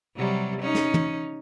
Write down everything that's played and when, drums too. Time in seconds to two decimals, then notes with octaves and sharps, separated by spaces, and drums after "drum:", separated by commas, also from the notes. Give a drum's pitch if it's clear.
0.16 C3 F#3 G3
0.61 C#4 D#4
0.75 drum: snare
0.94 drum: tom